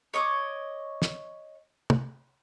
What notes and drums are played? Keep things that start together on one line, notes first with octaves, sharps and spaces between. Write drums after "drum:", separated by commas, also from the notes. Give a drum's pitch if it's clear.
C#5 D#5 C#6 D6
drum: snare
drum: tom